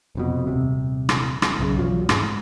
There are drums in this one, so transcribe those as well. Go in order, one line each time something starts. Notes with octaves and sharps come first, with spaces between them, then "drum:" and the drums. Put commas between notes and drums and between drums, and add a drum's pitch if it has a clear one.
F1 F2 B2
D#1 C3
drum: rim click
drum: rim click
B1 F#2 C#3
B1 E2 F3 F#3
G#2, drum: rim click